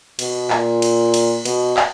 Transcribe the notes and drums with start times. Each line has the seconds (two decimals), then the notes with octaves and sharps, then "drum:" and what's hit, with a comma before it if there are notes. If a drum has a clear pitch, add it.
0.19 B2, drum: cymbal
0.50 A#2, drum: clap
0.82 drum: cymbal
1.14 drum: cymbal
1.45 B2, drum: cymbal
1.77 drum: clap